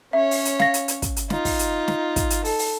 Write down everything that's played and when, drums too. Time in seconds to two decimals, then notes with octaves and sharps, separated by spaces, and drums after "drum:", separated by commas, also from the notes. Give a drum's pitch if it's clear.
0.13 C#4 C#5 E5
0.31 drum: open hi-hat
0.45 drum: hi-hat
0.59 F5 A#6, drum: snare
0.74 drum: hi-hat
0.88 drum: hi-hat
1.02 drum: kick, hi-hat
1.16 drum: hi-hat
1.30 D#4 F4, drum: snare
1.45 drum: kick, open hi-hat
1.59 drum: hi-hat
1.88 drum: snare
2.16 drum: kick, hi-hat
2.30 drum: hi-hat
2.45 A4, drum: open hi-hat
2.59 drum: open hi-hat